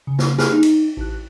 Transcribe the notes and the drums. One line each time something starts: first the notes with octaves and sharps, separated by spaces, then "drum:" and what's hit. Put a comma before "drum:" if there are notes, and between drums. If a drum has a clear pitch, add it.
C#3
drum: snare
G4 G#4 G#5 B5 F6 F#6, drum: snare
D#4
drum: cymbal
A1 F#6